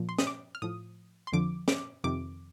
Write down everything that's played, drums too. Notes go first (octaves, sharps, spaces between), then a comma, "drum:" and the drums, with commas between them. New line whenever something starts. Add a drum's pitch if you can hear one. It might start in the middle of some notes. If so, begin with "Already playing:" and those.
Already playing: A#2 F3
C6
D#6, drum: snare
D6
F6
A2 F3 D#6
C6
F2 D3 F3 D6
D6, drum: snare
F2 C3 D#3 D6